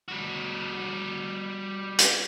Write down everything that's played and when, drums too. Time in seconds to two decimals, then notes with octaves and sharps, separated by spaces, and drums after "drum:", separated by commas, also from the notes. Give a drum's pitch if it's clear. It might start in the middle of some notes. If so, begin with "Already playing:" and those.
0.08 G3 F#4
1.98 drum: hi-hat